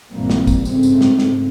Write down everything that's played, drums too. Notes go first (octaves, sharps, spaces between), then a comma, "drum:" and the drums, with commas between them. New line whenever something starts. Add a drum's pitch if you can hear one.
A#1 G2 A#2 E3 A#3 C4
drum: snare
drum: kick, tambourine
G#2 C#3 A3 C4, drum: tambourine
drum: tambourine
drum: snare
drum: snare